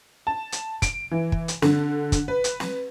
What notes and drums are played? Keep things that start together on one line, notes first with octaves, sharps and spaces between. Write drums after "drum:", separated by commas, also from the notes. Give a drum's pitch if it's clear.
A5
drum: hi-hat
D7, drum: kick, hi-hat
E3
drum: kick
drum: hi-hat
D3, drum: snare
drum: kick, hi-hat
B4
drum: hi-hat
drum: snare